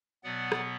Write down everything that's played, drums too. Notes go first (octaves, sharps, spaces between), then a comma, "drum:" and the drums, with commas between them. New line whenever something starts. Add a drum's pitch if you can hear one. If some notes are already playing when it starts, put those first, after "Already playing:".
B2 F#3 B3 D5 F#5
drum: rim click